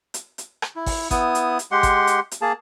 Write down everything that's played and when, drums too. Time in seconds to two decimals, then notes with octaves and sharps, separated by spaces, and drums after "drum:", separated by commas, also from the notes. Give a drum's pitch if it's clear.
0.14 drum: hi-hat
0.38 drum: hi-hat
0.62 drum: rim click
0.76 E4
0.86 drum: kick G#1, open hi-hat
1.11 B3 E4 D#6, drum: kick G#1, hi-hat
1.35 drum: hi-hat
1.59 drum: hi-hat
1.71 G#3 G4 F#5 C6
1.83 drum: kick G#1, hi-hat
2.07 drum: hi-hat
2.31 drum: hi-hat
2.41 A#3 G#4 A5